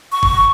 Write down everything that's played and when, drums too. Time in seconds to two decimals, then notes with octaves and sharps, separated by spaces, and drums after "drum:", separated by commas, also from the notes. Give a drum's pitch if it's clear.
0.12 C#6
0.23 drum: kick G1